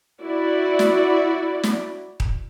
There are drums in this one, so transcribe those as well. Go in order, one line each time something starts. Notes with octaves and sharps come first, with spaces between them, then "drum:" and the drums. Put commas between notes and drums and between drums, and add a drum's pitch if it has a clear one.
E4 F#4 D5
drum: snare
drum: snare
drum: kick D#1